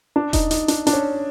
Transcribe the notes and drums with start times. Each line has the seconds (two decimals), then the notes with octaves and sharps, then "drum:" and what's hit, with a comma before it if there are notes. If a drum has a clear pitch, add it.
0.16 D4
0.33 D#4, drum: kick E1, hi-hat
0.51 D#4, drum: hi-hat
0.68 D4, drum: hi-hat
0.87 D4, drum: hi-hat
0.93 C#4